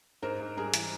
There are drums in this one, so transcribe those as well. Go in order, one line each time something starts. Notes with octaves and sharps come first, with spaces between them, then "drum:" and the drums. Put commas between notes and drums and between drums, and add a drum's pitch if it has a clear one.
G#2 A#4 C5
G#2
G3 G#4 A#4
E3, drum: hi-hat